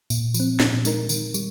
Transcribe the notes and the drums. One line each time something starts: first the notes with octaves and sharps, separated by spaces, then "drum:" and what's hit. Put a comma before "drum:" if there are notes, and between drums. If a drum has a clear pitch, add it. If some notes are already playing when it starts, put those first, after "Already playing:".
A#2, drum: tambourine
F3, drum: tambourine
C4
A#2, drum: snare
G#3 D#4 A#4, drum: tambourine
D#3, drum: tambourine
G3, drum: tambourine